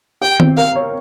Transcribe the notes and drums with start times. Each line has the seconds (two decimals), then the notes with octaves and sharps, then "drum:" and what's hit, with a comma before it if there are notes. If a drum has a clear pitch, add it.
0.21 G4 G5
0.40 C4, drum: tom D#3
0.57 A#4 F5
0.76 C#5